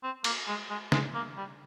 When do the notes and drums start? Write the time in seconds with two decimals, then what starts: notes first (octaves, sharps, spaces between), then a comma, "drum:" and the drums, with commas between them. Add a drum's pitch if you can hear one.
0.03 C4
0.24 A#3, drum: cymbal
0.48 G#3
0.70 G#3
0.92 G#3, drum: snare
1.14 A#3
1.37 G3